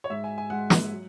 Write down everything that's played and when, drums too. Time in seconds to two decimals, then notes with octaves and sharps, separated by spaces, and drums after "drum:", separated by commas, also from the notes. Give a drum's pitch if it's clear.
0.04 C#5
0.10 G#2 G#3 E5
0.24 G#5
0.38 G#5
0.50 G#2 G#3 F#5
0.70 drum: snare
0.91 F#3